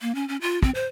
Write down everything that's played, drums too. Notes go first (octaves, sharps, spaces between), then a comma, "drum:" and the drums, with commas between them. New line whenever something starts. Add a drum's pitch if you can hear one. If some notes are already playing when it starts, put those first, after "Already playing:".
A#3
C#4
C#4
F4
C4, drum: kick
C5